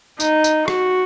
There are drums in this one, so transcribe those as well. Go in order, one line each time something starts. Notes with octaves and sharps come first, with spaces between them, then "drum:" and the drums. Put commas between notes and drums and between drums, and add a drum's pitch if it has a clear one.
D#4, drum: tambourine
drum: tambourine
F#4, drum: rim click